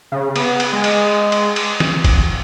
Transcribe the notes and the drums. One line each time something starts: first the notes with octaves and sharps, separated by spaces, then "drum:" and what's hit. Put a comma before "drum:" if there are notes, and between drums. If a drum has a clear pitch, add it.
C#3
B3, drum: cymbal
drum: cymbal
G#3
drum: cymbal
drum: cymbal
drum: cymbal
drum: snare
drum: kick F#1, cymbal